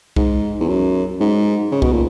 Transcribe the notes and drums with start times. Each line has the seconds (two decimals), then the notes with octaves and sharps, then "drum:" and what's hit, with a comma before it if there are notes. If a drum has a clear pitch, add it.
0.16 G#2, drum: kick C2
0.60 E2
0.68 F#2
1.20 G#2
1.72 C#3
1.82 B2, drum: kick C2
1.92 A#2